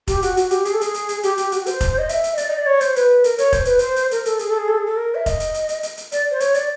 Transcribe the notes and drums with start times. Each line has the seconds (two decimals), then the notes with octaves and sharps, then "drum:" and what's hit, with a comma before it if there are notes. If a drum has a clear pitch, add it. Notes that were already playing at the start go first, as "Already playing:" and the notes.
0.08 G4, drum: kick F1, hi-hat
0.22 F#4, drum: hi-hat
0.37 F#4, drum: hi-hat
0.51 G4, drum: hi-hat
0.65 G#4, drum: hi-hat
0.74 A4
0.81 G#4, drum: hi-hat
0.94 drum: hi-hat
1.09 drum: hi-hat
1.23 G4, drum: hi-hat
1.38 G4, drum: hi-hat
1.52 F#4, drum: hi-hat
1.66 C5, drum: hi-hat
1.81 drum: kick F1, hi-hat
1.99 D#5
2.09 E5, drum: hi-hat
2.24 drum: hi-hat
2.34 D#5
2.38 D5, drum: hi-hat
2.47 D#5
2.57 D5
2.66 C#5
2.81 C5, drum: hi-hat
2.96 B4, drum: hi-hat
3.24 A#4, drum: hi-hat
3.38 C#5, drum: hi-hat
3.53 C5, drum: kick F1, hi-hat
3.65 B4, drum: hi-hat
3.79 C5, drum: hi-hat
3.96 drum: hi-hat
4.11 A#4, drum: hi-hat
4.26 A4, drum: hi-hat
4.39 G#4, drum: hi-hat
4.49 A4
4.58 G#4
4.68 A4
4.77 G#4
4.86 A4
4.97 A#4
5.15 E5
5.26 D#5, drum: kick F1, hi-hat
5.40 drum: hi-hat
5.54 drum: hi-hat
5.69 drum: hi-hat
5.83 drum: hi-hat
5.97 drum: hi-hat
6.12 D5, drum: hi-hat
6.31 C5
6.40 C#5, drum: hi-hat
6.54 D5, drum: hi-hat